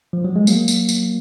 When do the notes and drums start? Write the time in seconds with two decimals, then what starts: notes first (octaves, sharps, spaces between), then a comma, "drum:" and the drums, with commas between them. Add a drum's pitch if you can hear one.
0.13 F3
0.24 F#3
0.36 G#3
0.47 F#3 A#3, drum: tambourine
0.68 drum: tambourine
0.89 drum: tambourine